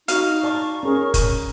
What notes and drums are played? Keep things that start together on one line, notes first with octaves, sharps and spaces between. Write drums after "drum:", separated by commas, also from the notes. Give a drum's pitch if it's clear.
D#4 F#4 F5, drum: hi-hat
D5 A5 A#5 C#6
C#4 G#4 A#4
drum: kick, hi-hat